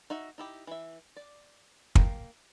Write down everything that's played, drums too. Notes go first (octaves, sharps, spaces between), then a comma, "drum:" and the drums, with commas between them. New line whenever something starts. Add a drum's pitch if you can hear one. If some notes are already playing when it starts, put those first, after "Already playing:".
D#4 F#4 E5
D#4 E4 G4
E3 E5
D5
A#3 G5, drum: kick